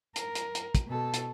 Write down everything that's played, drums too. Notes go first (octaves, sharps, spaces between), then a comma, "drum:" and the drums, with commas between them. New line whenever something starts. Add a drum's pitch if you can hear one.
A#4, drum: hi-hat
drum: hi-hat
drum: hi-hat
drum: kick, hi-hat
B2 A4
drum: hi-hat